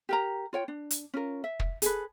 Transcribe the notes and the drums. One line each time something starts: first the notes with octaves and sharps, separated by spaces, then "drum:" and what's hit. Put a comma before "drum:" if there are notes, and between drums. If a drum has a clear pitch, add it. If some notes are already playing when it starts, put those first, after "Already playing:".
G4 A#4 A#5
F4 C#5 G5
D4
drum: hi-hat
C#4 F4 A#4
E5
drum: kick
G#4 A4 B4, drum: hi-hat